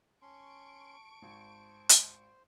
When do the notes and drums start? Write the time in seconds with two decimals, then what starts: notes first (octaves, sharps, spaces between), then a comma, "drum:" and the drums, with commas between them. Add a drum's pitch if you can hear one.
0.22 C#4 A5 C6 C#6 D7
1.22 G#1 C5
1.89 drum: hi-hat